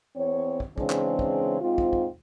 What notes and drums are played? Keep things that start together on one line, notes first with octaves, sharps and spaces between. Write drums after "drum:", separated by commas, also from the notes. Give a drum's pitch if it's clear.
E2 C4 C#5
drum: kick
C#3 E3 G#3 C4 D4, drum: kick
drum: clap
drum: kick
G#2 C4 F4
drum: kick
drum: kick